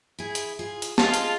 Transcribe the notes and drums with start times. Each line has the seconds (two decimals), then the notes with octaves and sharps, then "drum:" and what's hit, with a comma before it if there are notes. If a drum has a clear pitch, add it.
0.19 E4 G#4
0.35 drum: hi-hat
0.59 F4 G#4
0.82 drum: hi-hat
0.98 G#3 F4 G#4 A5, drum: snare
1.14 drum: hi-hat